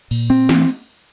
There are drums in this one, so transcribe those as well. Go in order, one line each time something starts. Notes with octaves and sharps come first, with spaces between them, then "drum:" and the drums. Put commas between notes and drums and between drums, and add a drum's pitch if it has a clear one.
A#2, drum: cymbal
C4
E3, drum: snare